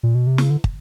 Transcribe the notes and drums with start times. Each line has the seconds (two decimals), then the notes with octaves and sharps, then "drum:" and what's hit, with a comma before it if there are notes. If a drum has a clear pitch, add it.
0.03 A#2
0.15 B2
0.27 C3
0.38 C#3, drum: snare
0.50 D3
0.64 drum: kick